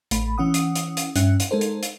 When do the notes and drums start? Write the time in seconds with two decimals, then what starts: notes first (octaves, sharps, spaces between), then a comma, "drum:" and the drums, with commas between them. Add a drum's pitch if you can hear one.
0.11 A1 A3 B5, drum: hi-hat
0.38 E3 C#4 F#5 D#6
0.54 drum: hi-hat
0.76 drum: hi-hat
0.97 drum: hi-hat
1.16 G2 C#4 E5 F#6, drum: hi-hat
1.40 drum: hi-hat
1.51 G#3 D#4 A4 A#4 C5
1.61 drum: hi-hat
1.83 drum: hi-hat